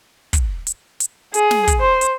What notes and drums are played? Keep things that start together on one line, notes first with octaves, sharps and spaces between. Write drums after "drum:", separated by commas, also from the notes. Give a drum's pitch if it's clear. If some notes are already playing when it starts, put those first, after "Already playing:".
drum: kick, hi-hat
drum: hi-hat
drum: hi-hat
G#4, drum: hi-hat
drum: snare
drum: kick, hi-hat
C5
drum: hi-hat